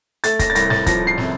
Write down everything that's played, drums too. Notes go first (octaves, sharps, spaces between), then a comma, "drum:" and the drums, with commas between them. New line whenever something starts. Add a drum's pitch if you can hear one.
A3 A6, drum: hi-hat
A#6, drum: kick, hi-hat
A6
C2 A#6, drum: hi-hat
A6, drum: snare
F3 A#6, drum: kick, hi-hat
C7
C3, drum: snare